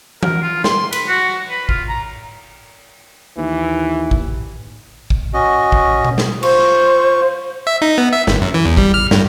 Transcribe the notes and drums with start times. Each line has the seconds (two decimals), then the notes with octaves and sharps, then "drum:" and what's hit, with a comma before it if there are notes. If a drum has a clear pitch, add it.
0.23 A#4, drum: tom E3
0.42 F4
0.64 C6, drum: snare
0.93 B4, drum: cymbal
1.09 F#4
1.50 B4
1.69 F4, drum: kick
1.89 A#5
3.37 D#2 E3
4.11 drum: kick
5.10 drum: kick
5.34 C#4 F#4 D#5
5.72 drum: kick
6.05 drum: tom B2
6.18 drum: snare
6.43 F4 C5 C#6, drum: cymbal
7.67 E5
7.82 D#4
7.98 B3
8.13 E5
8.27 G1, drum: snare
8.41 F#2
8.54 E3
8.65 E2
8.77 G3, drum: kick
8.94 F6
9.11 G2, drum: snare